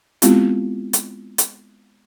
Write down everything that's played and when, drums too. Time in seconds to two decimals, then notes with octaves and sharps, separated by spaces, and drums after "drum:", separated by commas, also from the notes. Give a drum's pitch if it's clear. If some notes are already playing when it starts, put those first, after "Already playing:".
0.22 G#3 B3 C4 E4 F4 G4, drum: hi-hat
0.93 drum: hi-hat
1.38 drum: hi-hat